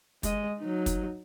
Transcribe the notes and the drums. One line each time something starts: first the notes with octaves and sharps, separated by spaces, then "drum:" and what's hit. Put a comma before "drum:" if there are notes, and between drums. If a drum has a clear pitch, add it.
G#3 D#5, drum: kick, hi-hat
F#3 D#4
drum: kick, hi-hat